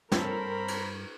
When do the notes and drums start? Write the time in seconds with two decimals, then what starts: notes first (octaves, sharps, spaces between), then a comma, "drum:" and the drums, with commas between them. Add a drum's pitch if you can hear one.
0.12 G2 C4 A4 A#4 C5 C#5 A#5 B5, drum: snare
0.68 drum: cymbal